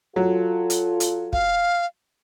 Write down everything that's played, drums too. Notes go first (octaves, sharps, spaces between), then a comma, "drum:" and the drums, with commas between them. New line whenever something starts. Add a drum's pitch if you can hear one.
F#3 F4 A4
drum: hi-hat
drum: hi-hat
F5, drum: kick